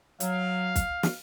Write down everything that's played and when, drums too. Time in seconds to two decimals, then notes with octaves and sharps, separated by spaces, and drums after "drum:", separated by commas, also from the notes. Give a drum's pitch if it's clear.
0.20 F#3 F5, drum: hi-hat
0.76 drum: kick, hi-hat
1.03 drum: snare